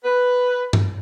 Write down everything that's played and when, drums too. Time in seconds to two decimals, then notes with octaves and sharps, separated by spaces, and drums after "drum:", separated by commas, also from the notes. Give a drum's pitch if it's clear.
0.04 B4
0.73 drum: tom G2